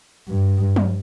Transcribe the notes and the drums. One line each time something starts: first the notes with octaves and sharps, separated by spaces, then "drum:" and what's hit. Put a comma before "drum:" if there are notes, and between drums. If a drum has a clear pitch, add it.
G2
drum: tom